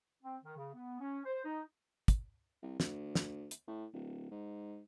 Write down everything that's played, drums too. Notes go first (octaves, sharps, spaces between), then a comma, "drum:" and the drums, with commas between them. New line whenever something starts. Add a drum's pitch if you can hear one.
C4
D#3
C#3
B3
C#4
C5
D#4
drum: kick, hi-hat
C2
D2, drum: snare
drum: snare
drum: hi-hat
A2
D1
G#2